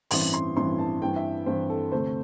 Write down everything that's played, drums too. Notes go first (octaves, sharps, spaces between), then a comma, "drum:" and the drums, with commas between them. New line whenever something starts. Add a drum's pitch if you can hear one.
A1 G2 E3 C4 E4 C6, drum: open hi-hat
C6
A1 G2 E3 C4 E4 C6
A5
G2 E3 C4 G5
E5
G2 E3 C4 C5
A4
D2 C3 A3 C4 C5